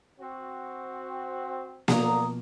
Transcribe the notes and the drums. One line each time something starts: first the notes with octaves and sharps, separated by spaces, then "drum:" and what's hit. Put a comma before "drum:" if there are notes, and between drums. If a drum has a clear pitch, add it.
C4 F#4
B2 D3 F3 F#3 A#3 F5 A#5 D#6, drum: snare A#3